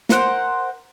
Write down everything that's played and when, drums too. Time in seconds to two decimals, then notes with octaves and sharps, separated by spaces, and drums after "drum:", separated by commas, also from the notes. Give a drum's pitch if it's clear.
0.09 A#4 C5 F#5, drum: snare